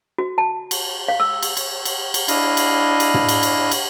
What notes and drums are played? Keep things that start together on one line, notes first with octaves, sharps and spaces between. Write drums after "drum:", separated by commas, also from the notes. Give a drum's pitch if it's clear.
F#4
A5
drum: cymbal
F5
E6
drum: cymbal
drum: cymbal
drum: cymbal
drum: cymbal
D4 E4 D#5 F5, drum: cymbal
drum: cymbal
drum: cymbal
drum: tom
drum: cymbal
drum: cymbal
drum: cymbal